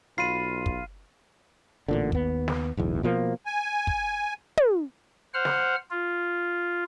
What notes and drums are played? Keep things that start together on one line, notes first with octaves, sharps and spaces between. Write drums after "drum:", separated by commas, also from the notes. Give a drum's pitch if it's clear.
B1 F4 B5 C7 D#7
drum: kick
A1 A#2 D3
D#2 B3, drum: kick
drum: snare
D1 B1 E2
B2 F3 A#3
G#5
drum: kick
drum: tom
C5 F#5 F6
drum: snare
F4